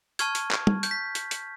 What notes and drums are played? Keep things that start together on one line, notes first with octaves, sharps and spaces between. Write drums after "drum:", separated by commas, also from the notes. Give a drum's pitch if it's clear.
A5 C#6 F6 G#6, drum: hi-hat
drum: hi-hat
drum: clap
drum: tom
G6, drum: hi-hat
B6
drum: hi-hat
drum: hi-hat